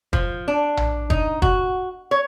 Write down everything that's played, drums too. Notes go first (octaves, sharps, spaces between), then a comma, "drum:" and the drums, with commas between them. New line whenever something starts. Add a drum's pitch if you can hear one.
F3, drum: kick
D4
drum: tom A#1
D#4, drum: kick
F#4, drum: kick
C#5